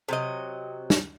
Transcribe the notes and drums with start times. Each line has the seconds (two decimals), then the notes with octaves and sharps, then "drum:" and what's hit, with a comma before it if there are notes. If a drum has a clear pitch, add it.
0.09 C3 F#3 D#5
0.90 drum: snare